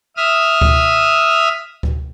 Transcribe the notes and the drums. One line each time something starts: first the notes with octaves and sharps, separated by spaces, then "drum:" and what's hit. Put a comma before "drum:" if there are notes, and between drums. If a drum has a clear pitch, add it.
E5 D#6 F6
drum: kick D2
drum: kick D2